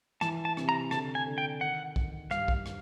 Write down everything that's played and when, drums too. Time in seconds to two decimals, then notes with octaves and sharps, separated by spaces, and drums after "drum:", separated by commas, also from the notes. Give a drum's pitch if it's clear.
0.21 E3 A5, drum: rim click
0.45 A5
0.57 C3, drum: rim click
0.69 A#5
0.91 D3 A5, drum: rim click
1.15 G#5
1.26 D3
1.38 G5
1.61 D#3 F#5
1.96 D#3, drum: kick
2.31 G2 F5, drum: rim click
2.48 drum: kick
2.66 drum: rim click